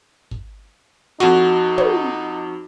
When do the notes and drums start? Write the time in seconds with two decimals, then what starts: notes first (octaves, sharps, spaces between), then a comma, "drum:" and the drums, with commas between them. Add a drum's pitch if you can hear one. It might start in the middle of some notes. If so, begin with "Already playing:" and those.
0.31 drum: kick
1.20 F2 D#4 F#4, drum: snare
1.78 drum: tom